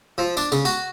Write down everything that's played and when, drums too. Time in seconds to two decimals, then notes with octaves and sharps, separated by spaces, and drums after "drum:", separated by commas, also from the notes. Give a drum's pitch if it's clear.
0.18 F3
0.37 D4, drum: tambourine
0.52 C#3, drum: tambourine
0.65 F#4, drum: tambourine